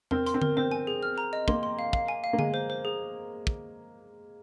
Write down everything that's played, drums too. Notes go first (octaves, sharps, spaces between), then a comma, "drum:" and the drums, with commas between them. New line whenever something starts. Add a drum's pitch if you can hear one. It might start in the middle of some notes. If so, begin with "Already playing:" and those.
C4 A#4, drum: tom E2
C6, drum: hi-hat
C4
A#4, drum: tom D3
C4 C5
G#5
G#4
F6
A#5
D#5
A#3 C6, drum: kick
C6
F5
F5, drum: kick
G#5
F5
A#3
G#3 G#5, drum: tom D3
C5
C5
G#4
drum: kick